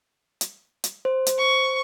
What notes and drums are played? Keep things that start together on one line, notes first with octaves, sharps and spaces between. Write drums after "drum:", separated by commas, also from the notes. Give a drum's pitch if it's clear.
drum: hi-hat
drum: hi-hat
C5
drum: hi-hat
C#6